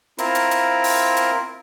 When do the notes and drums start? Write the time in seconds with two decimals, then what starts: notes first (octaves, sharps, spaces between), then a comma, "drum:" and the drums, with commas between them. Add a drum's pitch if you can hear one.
0.18 C4 E4 F4 A#4, drum: hi-hat
0.35 drum: hi-hat
0.51 drum: hi-hat
0.84 drum: open hi-hat
1.17 drum: hi-hat